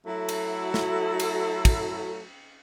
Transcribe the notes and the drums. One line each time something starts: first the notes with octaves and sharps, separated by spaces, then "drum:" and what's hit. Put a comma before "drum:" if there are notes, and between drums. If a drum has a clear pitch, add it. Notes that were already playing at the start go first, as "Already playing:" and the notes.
F#3 A3 E4 F#4 A4
drum: cymbal
drum: snare
drum: cymbal
drum: kick, cymbal